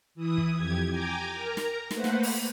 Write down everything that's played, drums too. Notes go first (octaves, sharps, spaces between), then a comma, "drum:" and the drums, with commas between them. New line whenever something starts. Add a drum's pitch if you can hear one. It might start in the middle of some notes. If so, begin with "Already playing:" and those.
E3 E4 D#6
drum: kick
F2 G4 G#6
G5 G#5 A#5 D6
A#4 A#5
drum: snare
A3 A#3 B4 C5 F#5, drum: snare
drum: snare
drum: open hi-hat